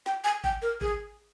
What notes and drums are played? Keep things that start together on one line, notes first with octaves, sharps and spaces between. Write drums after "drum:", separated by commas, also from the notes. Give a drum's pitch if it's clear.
G5, drum: snare
G#5
G5, drum: kick G#1
A#4
G#4, drum: kick G#1